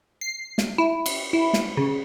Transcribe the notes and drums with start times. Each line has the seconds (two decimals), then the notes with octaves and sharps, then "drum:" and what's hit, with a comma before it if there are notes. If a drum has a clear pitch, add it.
0.21 C7
0.58 drum: snare
0.78 E4
1.06 drum: cymbal
1.33 E4
1.53 drum: snare
1.77 C#3